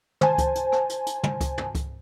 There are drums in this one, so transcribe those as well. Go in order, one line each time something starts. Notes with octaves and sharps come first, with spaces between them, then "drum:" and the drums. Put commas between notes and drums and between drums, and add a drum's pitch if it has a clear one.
C5 G#5 A5, drum: tom
drum: kick C#2, hi-hat
drum: hi-hat
drum: rim click
drum: hi-hat
drum: hi-hat
drum: tom
drum: kick C#2, hi-hat
drum: tom
drum: kick C#2, hi-hat